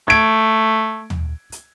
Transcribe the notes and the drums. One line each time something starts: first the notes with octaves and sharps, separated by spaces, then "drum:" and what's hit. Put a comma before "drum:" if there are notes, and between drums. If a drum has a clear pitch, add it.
A3 G#6 D7
drum: tom
drum: hi-hat